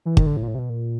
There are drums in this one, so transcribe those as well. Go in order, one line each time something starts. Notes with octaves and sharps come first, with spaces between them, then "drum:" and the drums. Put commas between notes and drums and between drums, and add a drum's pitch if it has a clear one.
E3
D#3, drum: kick
D3
A2
A#2
A2
C3
B2
A#2